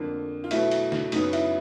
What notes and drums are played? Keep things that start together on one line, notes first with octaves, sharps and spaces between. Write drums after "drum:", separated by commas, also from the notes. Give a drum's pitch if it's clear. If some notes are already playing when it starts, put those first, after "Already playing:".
Already playing: F2 D3 F3 A#3
F4
B2 F#3 A3 E4, drum: cymbal
drum: cymbal
drum: snare
F#2 C#3 F#3 B3 D#4, drum: cymbal
E4, drum: cymbal